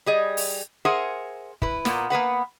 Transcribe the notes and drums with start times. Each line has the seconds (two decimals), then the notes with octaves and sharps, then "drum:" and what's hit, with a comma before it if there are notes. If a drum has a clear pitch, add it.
0.06 G3 G#4 D#5
0.37 drum: open hi-hat
0.85 G#4 A#4 C5 E5 F#5 G#5
1.62 E4 B4, drum: kick
1.85 A#2 A#3 B3, drum: snare
2.10 A#3 B3 B4 F#5